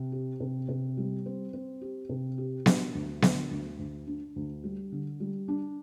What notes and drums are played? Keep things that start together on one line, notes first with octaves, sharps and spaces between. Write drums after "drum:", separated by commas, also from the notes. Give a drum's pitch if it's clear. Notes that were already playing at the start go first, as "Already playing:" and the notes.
Already playing: C3
G4
C3
C3
G3
C4
C4
G4
C3
G4
D4, drum: snare B3
D2
D3, drum: snare B3
D2
D2
D4
D2
G3
D3
G3
D4